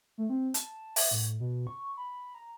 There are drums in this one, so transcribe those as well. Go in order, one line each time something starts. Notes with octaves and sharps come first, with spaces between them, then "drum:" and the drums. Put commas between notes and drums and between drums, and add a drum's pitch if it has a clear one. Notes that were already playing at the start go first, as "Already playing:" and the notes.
A3
C4
A5, drum: hi-hat
E5, drum: open hi-hat
A2
B2
C#6
B5
A#5